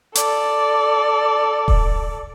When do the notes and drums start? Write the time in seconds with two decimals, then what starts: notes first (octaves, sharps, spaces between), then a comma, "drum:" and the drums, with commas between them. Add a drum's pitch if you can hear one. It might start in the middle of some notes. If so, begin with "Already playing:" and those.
0.15 A4 D5, drum: hi-hat
1.68 drum: kick D#1